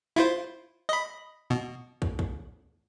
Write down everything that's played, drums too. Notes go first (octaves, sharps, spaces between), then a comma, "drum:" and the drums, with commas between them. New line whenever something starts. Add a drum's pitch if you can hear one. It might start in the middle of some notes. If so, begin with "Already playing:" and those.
E4 F4 C5
D#5 B5
B2
drum: kick
drum: kick